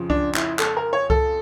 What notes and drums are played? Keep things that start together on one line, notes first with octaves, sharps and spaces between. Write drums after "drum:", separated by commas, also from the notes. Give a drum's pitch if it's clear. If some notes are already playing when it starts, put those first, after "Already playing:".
Already playing: F2 C#3 F3
D4, drum: kick C2
E4, drum: clap
A4, drum: clap
A#4
C#5
A4, drum: kick C2